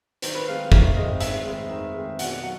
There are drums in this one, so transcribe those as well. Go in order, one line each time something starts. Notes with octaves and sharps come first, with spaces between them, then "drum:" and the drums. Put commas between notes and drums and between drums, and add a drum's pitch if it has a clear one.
D#3 C5, drum: hi-hat
B4
G#3 C4 F5
F5
D#3 E5, drum: kick
G#3 C4 D#5
D#3 E5, drum: hi-hat
G#3 C4
D#3
G#3 C4
B2 F#5, drum: hi-hat
F#3 F#5